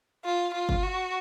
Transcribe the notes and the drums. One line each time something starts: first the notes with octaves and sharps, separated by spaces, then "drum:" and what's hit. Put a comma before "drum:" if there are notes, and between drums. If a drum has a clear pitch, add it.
F4
F4
drum: kick G1
F#4